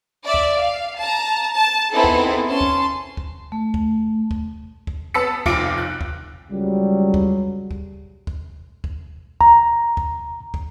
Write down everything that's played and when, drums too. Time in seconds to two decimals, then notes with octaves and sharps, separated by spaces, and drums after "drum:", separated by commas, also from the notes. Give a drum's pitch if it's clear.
0.23 D5 E5
0.34 drum: kick
0.57 F5
0.98 A5 A#5
1.54 A5
1.91 B3 C4 D#4 E4 G#4 A4
2.04 drum: kick
2.48 C#4 A5 C6
2.61 drum: kick
3.17 drum: kick
3.52 A3
3.74 drum: kick
4.31 drum: kick
4.87 drum: kick
5.14 B3 A5 B5 E6 B6 C#7
5.46 F1 B1 F4 D6 C#7 D7, drum: kick
5.78 F#6
6.01 drum: kick
6.51 C#2 F#3 G3
7.14 drum: kick
7.71 drum: kick
8.27 drum: kick
8.84 drum: kick
9.41 A#5, drum: kick
9.97 drum: kick
10.54 drum: kick